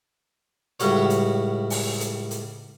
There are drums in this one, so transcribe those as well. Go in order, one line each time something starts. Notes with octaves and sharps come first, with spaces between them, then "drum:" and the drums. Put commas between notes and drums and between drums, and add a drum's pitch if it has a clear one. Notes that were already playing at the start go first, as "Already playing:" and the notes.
C#2 A2 G3 F#4 C#5, drum: hi-hat
drum: hi-hat
drum: open hi-hat
drum: hi-hat
drum: hi-hat